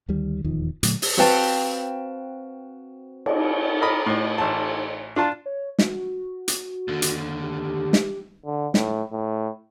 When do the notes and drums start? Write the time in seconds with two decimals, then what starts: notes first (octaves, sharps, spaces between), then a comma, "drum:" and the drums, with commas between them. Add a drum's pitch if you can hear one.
0.09 D2 D#3 G3
0.44 D#1 E2 D#3 F3
0.83 A#2 D3 F#3 A3, drum: hi-hat
1.02 drum: open hi-hat
1.17 C4 F#4 B4 F5 G5 A5
3.26 drum: cymbal
3.81 A#4 D#5 B5
4.06 A2
4.38 A1 A5
5.16 D4 F4 A5
5.46 C#5
5.79 F#4, drum: snare
6.48 drum: hi-hat
6.88 D#2 D3
7.02 drum: hi-hat
7.44 G4
7.93 drum: snare
8.45 D3
8.74 A2, drum: snare
9.12 A2